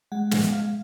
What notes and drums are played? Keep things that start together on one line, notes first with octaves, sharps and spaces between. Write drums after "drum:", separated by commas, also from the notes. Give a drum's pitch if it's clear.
G#3 F#5
G#3, drum: snare
G#3 F5